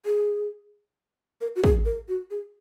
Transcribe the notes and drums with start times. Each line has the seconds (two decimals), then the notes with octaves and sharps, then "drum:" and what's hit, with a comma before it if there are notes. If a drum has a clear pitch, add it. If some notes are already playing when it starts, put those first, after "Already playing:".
0.06 G#4
1.41 A#4
1.56 F#4
1.64 G#4, drum: kick
1.85 A#4
2.08 F#4
2.31 G#4